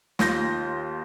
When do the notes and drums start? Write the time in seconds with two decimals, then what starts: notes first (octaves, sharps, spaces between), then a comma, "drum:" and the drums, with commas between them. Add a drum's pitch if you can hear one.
0.19 D#2 F4 G6 A#6, drum: snare